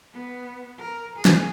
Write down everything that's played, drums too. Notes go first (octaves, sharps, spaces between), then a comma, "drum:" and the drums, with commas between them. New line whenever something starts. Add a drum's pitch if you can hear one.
B3
A#4
G#4
drum: snare